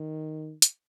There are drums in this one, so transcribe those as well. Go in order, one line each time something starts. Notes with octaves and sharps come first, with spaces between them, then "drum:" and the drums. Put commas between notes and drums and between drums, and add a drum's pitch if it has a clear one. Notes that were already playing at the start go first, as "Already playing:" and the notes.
Already playing: D#3
drum: hi-hat